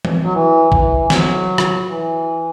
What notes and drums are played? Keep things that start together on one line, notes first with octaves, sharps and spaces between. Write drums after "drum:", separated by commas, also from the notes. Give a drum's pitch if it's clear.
drum: tom E3
F#3
E3
E3, drum: kick
F#3, drum: snare
drum: rim click
E3